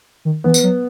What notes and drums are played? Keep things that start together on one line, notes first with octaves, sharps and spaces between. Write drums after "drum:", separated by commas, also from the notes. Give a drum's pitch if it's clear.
D#3
E3 B3
drum: tambourine
F#3